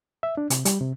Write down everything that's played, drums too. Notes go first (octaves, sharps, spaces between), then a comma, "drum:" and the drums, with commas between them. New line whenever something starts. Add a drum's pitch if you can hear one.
E5
D4
C3, drum: hi-hat
G3, drum: hi-hat
C3